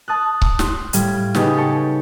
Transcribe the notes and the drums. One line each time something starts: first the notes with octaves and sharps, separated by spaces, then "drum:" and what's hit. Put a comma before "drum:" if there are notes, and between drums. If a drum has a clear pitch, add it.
A5 D#6 F#6
drum: kick C#1
C6 F#6, drum: snare
A2 G3 F5 G#6, drum: hi-hat
C#3 B3 C#4 D#4 G4 G#4, drum: snare
A4 G5 A5 C#6